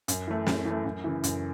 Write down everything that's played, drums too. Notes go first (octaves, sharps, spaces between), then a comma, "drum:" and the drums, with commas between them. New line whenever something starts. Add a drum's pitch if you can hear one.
F#2, drum: hi-hat
E3 A3
F#2, drum: snare
E3
A3
F#2
C#3 E3
F#2, drum: hi-hat